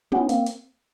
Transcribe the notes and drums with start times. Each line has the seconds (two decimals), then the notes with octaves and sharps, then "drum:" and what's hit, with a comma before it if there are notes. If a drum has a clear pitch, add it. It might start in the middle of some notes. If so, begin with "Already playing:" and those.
0.12 B3 C#4, drum: tom
0.29 A#3 C4, drum: hi-hat
0.46 drum: hi-hat